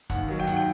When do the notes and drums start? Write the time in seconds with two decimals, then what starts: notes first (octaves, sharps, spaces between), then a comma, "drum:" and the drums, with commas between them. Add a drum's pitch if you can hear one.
0.10 D#2 F#5, drum: kick, hi-hat
0.28 D#3 F#3
0.39 G5
0.47 D#2 F#5, drum: hi-hat
0.57 G5